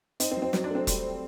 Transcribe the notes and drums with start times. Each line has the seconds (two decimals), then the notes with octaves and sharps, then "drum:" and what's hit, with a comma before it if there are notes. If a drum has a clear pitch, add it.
0.20 C4 D#4, drum: hi-hat
0.31 C4
0.37 F#3
0.42 C4
0.53 F#3 C4, drum: snare
0.64 D4
0.70 A3 C4
0.87 G3, drum: kick E1, hi-hat